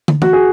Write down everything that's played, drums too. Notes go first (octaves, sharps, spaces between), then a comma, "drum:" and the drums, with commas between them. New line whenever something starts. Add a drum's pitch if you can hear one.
drum: tom
F#4, drum: tom E3
G#4